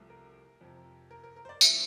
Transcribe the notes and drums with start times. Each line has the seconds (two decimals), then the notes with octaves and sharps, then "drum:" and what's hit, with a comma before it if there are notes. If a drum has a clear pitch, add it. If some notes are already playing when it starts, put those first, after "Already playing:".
Already playing: C2 C3 F3 A3
0.10 A#4
0.61 F2 C3 F3
1.11 A#4
1.24 A#4
1.36 A#4
1.45 C5
1.49 D5
1.61 A2 F3 C4 F4 E5, drum: tambourine